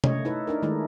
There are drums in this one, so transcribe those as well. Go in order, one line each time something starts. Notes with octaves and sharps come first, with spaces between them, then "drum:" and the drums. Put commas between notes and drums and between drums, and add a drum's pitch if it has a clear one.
A3 C#5 D#5, drum: tom
D#4 E4 A4 B4
D4 D#4 A#4
D#3 G#3 A3 D#4 E4